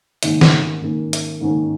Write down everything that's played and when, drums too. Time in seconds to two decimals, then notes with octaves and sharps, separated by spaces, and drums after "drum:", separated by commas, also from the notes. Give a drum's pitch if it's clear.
0.23 G#2 D#3 A#3 C#4, drum: hi-hat
0.41 drum: snare
0.82 G#2 D#3 A#3 C#4
1.13 drum: hi-hat
1.41 G#2 D#3 A#3 C#4